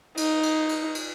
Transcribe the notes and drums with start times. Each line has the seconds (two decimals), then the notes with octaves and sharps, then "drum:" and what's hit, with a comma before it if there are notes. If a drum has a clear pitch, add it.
0.17 D#4, drum: cymbal
0.43 drum: cymbal
0.69 drum: cymbal
0.95 drum: cymbal